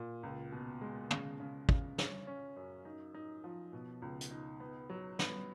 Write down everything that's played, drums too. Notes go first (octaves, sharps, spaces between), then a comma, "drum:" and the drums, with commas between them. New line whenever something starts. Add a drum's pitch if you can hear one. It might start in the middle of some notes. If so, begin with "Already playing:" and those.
Already playing: A#2
C#2
B2
G#3
C#3, drum: tom
C#3
C#3, drum: kick
C#4, drum: snare
C#4
F#2
D#4
D#4
F3
B2
C#2
drum: hi-hat
D#4
B3
F#3
B3, drum: snare